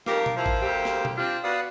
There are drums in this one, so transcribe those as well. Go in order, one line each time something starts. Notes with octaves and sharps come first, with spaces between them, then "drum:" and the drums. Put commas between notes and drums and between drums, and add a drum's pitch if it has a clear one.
F2 D#4 G4 A#4 F5 D6, drum: snare
drum: tom B2
F3 E4 A#4 C5 F5
drum: kick G#1
D2 C3 G4
drum: snare
drum: tom B2
C4 D4 F4 G4
B3 F#4 D5 F5 D#6